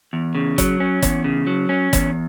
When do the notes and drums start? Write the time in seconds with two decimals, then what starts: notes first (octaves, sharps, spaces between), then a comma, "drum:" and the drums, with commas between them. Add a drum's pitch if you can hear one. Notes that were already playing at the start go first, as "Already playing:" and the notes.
0.13 E2
0.35 C#3
0.58 F#3, drum: kick, hi-hat
0.80 C#4
1.02 E2, drum: kick, hi-hat
1.24 C#3
1.47 F#3
1.69 C#4
1.93 E2, drum: kick, hi-hat